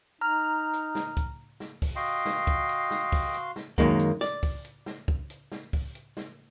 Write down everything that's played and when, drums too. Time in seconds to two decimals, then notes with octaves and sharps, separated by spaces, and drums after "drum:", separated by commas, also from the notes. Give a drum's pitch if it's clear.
0.21 D#4 A#5 F6
0.73 drum: hi-hat
0.95 drum: snare
1.17 drum: kick, hi-hat
1.60 drum: snare
1.82 drum: kick, open hi-hat
1.96 F#4 D#5 F5 G5 C6
2.25 drum: snare
2.47 drum: kick, hi-hat
2.69 drum: hi-hat
2.91 drum: snare
3.12 drum: kick, open hi-hat
3.34 drum: hi-hat
3.56 drum: snare
3.78 F#2 D#3 G#3 A#3, drum: kick, hi-hat
3.99 drum: hi-hat
4.21 D5, drum: snare
4.43 drum: kick, open hi-hat
4.65 drum: hi-hat
4.86 drum: snare
5.08 drum: kick
5.30 drum: hi-hat
5.52 drum: snare
5.73 drum: kick, open hi-hat
5.95 drum: hi-hat
6.17 drum: snare